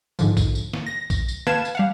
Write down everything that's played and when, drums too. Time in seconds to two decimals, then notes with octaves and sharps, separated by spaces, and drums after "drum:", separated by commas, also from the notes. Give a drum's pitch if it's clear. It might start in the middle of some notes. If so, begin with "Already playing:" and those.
0.19 G#2 D3 F3, drum: tambourine
0.37 drum: kick A#1, tambourine
0.55 drum: tambourine
0.73 drum: snare
0.86 A#6
1.10 drum: kick A#1, tambourine
1.28 drum: tambourine
1.47 B4 F5 A5 G#6 E7, drum: snare
1.65 drum: tambourine
1.75 G3 F5 F#5